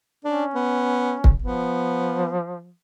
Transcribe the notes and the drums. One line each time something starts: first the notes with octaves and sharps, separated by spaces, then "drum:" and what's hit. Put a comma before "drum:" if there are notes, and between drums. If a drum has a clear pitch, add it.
C#4 D4
B3
drum: kick
F3 B3